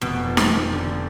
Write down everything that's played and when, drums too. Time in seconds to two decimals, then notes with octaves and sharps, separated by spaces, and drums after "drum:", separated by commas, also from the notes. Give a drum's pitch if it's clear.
0.01 F1 B2
0.26 F3
0.37 drum: snare D#4
0.49 F1
0.73 D3